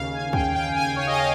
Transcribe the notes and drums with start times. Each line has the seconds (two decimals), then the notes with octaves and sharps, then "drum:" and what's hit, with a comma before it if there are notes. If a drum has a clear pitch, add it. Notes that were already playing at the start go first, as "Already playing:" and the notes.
Already playing: D#2 C#3 F5
0.13 G#5
0.33 G5, drum: kick
0.55 G5
0.76 G#5
0.96 C#5
1.07 D#5
1.18 F5